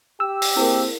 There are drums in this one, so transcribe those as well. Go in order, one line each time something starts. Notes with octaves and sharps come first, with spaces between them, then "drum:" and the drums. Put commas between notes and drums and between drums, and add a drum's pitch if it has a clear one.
G4 E6
drum: open hi-hat
A#3 C4 E4 G#4 A#4